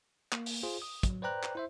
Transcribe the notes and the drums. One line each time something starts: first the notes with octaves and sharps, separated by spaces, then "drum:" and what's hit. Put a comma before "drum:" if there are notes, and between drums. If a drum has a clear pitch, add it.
A#3, drum: clap
drum: open hi-hat
F4 G#4 C5
D#6
F#3, drum: kick, hi-hat
B4 C5 D5 G5 A#5 F#6
drum: clap
E4 C5 E5